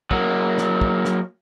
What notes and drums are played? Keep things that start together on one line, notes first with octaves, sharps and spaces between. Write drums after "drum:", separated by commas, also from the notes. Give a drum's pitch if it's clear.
F#3 A#3, drum: kick
drum: snare
drum: kick
drum: snare